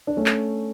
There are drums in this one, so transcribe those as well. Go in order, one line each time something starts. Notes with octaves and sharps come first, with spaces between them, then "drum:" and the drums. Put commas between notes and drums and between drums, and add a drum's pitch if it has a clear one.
D4
A3 C#4
drum: clap